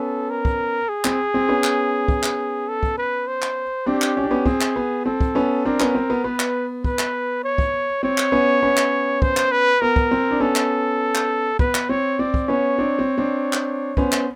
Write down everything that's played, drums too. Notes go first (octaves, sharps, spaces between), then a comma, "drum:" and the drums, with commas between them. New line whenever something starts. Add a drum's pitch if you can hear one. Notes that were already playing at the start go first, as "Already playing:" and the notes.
Already playing: B3 C#4 A4
A#4
drum: kick
G#4
C4, drum: clap
C4
B3 C#4
drum: clap
drum: kick
drum: clap
A4
drum: kick
B4
C5
drum: clap
C4 D4 G4
drum: clap
C#4
D4
B3 C#4
C4 G#4, drum: kick
drum: clap
B3
C4 A4
drum: kick
B3 C#4
C4 D4 A#4
B3 C#4, drum: clap
C4
B3
B3 B4
drum: clap
B4, drum: kick
drum: clap
C#5
drum: kick
C4 C#5
drum: clap
B3 C#4
B3 C#4
drum: clap
C5, drum: kick
drum: clap
B4
B3 A#4
drum: kick
C4
D4
B3 C#4 A4
drum: clap
drum: clap
B3 B4, drum: kick
drum: clap
C4 C#5
C4 D5
drum: kick
B3 C#4 C#5
C4 D4
C4
C4 D4
drum: clap
B3 C#4 C5, drum: kick
drum: clap